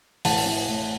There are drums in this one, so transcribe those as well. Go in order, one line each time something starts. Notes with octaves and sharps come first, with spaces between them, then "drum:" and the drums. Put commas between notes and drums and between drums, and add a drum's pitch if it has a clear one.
A1 F#5 A5, drum: open hi-hat
E3
A2